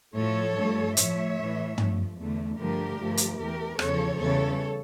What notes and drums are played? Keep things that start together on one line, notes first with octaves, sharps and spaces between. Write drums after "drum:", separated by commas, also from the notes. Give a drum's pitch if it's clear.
A2 F3 A3 A4 C#5
G2 F3 A3
A2 F3 A3 C#5 E5, drum: hi-hat
A2 E3 A3
G2 F3 A3, drum: tom
E2 D3 A3
G2 D3 F3 A3 G4 A#4
G2 F3 A3
drum: hi-hat
E2 E3 A3 G4 A#4
E2 C#3 F3 A4 C#5, drum: rim click
E2 C#3 E3 G3 A4 C#5